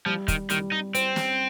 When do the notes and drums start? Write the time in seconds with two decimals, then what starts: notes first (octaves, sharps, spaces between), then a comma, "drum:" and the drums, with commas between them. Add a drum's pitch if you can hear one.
0.06 F3 G3
0.28 D#3, drum: kick, hi-hat
0.50 D#3 G3, drum: hi-hat
0.72 D#4
0.95 C4 C5, drum: hi-hat
1.16 drum: snare